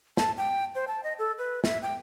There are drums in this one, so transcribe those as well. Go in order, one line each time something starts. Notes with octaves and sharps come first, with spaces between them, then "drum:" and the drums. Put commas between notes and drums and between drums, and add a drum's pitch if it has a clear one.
A5, drum: snare
G5
C5
A5
D#5
A4
B4
E5, drum: snare
G5